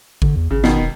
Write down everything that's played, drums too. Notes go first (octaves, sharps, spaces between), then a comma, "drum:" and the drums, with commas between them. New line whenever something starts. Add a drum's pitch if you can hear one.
D3, drum: kick G#1
E2
G#1 C#3
B2 D#3, drum: snare
E1